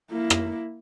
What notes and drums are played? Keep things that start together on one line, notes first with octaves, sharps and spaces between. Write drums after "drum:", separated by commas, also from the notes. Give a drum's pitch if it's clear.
A#3 E4
drum: rim click